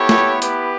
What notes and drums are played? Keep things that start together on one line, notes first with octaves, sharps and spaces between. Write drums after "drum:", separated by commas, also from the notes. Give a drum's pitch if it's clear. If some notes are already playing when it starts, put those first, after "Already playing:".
Already playing: B3 E4 G4 A4 C#5
drum: snare
G4 B4, drum: hi-hat